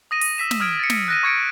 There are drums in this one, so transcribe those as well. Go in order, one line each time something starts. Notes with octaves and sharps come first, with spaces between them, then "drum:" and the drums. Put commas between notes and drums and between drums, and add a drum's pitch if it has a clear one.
D#6 A#6 D#7
drum: open hi-hat
E6 B6 E7
drum: snare
D#6 F6 G#6 D7
A6 C#7
drum: snare
F#6 A#6 D#7
C#6 G#6 C#7 D7